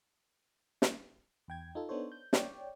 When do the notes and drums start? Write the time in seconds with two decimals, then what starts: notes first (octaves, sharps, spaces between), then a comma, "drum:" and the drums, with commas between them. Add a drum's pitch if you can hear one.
0.82 drum: snare
1.48 E2 G5 G#6
1.75 D#4 F4 A4
1.89 B3 D4 D#4 A4 C5 C#5
2.12 G6
2.33 C#5 D5 G5, drum: snare